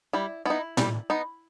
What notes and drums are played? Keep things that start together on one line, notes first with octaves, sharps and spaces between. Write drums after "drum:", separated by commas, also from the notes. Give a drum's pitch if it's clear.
G3 E4
B3 D#4 E4
G3, drum: tom A2
B3 D#4